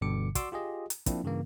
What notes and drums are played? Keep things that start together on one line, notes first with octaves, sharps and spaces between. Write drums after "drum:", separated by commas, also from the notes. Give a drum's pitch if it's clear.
G1 G2 B2 D3 D6 C#7
F#4 D5 C6 D6 E6, drum: kick, hi-hat
F4 G4 G#4 D#5
drum: hi-hat
F3 A#3 C4 D4 E4, drum: kick, hi-hat
G2 C#3 E3 A#3